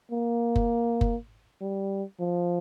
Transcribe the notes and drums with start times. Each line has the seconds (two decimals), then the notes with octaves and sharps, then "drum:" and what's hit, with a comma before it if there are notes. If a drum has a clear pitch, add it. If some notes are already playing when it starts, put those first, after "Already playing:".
0.12 A#3
0.56 drum: kick F#1
1.01 drum: kick F#1
1.61 G3
2.20 F3